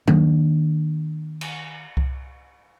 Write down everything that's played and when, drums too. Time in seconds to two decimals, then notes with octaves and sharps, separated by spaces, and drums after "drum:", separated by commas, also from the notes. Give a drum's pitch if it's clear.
0.08 D#3 A#3 D4, drum: tom F#3
1.41 drum: cymbal
1.97 drum: kick C2